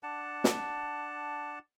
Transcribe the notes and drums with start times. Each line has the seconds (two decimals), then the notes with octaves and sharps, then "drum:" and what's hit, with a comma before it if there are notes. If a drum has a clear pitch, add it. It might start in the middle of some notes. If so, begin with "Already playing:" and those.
0.03 D4 F#5 A5
0.44 drum: snare